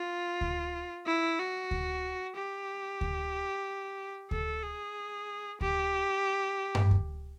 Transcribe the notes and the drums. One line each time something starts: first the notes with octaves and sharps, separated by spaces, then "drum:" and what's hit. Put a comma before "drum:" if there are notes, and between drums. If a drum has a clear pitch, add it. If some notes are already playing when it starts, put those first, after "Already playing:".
Already playing: F4
drum: kick D2
E4
F#4
drum: kick D2
G4
drum: kick D2
A4, drum: kick D2
G#4
G4, drum: kick D2
drum: tom G2
drum: kick D2